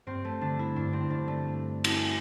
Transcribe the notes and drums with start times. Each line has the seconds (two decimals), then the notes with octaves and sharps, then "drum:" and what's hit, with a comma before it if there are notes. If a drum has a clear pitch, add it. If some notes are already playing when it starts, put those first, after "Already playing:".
0.07 G2 C4
0.25 A3
0.41 D3 D4
0.59 E4
0.76 G2 D4
0.93 C4
1.10 G2 D4
1.28 A3
1.84 drum: cymbal